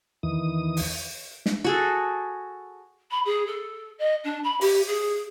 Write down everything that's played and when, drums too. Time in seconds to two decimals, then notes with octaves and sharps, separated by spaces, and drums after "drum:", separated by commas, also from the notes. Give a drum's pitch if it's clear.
0.23 E2 D#3 E3 D#6
0.77 drum: open hi-hat
1.46 drum: snare
1.64 F#4 G#4 A4
3.11 B5
3.25 G#4
3.47 A4
3.99 D#5
4.24 D4
4.44 B5
4.61 G4, drum: open hi-hat
4.88 G#4